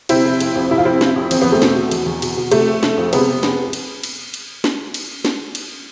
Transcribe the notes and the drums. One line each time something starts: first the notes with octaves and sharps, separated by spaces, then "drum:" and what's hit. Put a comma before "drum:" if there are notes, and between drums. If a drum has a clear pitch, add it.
C3 C4 E4, drum: cymbal
F1
F1, drum: cymbal
F2
C3 E4
F4
F1 C4 E4
F1, drum: snare
F2
E2 C4, drum: cymbal
E2 B3
A3 C4
B2, drum: snare
B2
E2, drum: cymbal
E2
B2, drum: cymbal
B2
C3 A3, drum: cymbal
F1
F1, drum: snare
F2
C3 G#3 B3, drum: cymbal
F1
F1, drum: snare
drum: cymbal
drum: cymbal
drum: cymbal
drum: snare
drum: cymbal
drum: snare
drum: cymbal